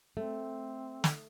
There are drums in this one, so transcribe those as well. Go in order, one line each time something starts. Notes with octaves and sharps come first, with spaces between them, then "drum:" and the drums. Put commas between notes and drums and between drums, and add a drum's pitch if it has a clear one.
A3 C4
drum: snare